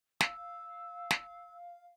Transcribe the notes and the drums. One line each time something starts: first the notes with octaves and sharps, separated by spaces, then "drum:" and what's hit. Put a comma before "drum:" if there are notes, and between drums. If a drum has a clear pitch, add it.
F5 E6, drum: snare
drum: snare